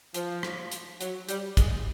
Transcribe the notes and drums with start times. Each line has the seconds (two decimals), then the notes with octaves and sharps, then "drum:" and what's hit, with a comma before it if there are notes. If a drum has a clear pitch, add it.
0.14 F3, drum: hi-hat
0.43 drum: rim click
0.72 drum: hi-hat
1.01 F#3, drum: hi-hat
1.29 G3, drum: hi-hat
1.57 G#3, drum: kick, hi-hat